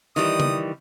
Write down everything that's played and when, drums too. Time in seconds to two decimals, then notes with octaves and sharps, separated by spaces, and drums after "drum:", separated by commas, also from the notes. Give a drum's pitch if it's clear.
0.16 D#3 E3 G3 D#6
0.40 drum: tom C#3